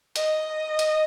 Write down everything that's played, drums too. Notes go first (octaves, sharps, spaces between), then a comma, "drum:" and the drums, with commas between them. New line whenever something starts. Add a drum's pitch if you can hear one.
D#5, drum: hi-hat
drum: hi-hat